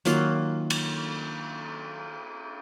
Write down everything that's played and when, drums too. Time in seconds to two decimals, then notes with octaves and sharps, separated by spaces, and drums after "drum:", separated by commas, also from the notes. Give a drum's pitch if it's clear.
0.05 D#3 F#3 A#3 F4, drum: hi-hat
0.70 drum: cymbal